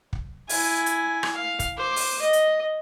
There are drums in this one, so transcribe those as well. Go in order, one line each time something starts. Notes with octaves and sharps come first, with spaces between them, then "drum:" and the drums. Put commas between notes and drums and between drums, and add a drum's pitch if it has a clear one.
drum: kick
E4 G#5, drum: open hi-hat
drum: hi-hat
drum: rim click
F5
drum: kick, hi-hat
C5 D6
drum: open hi-hat
D#5
drum: hi-hat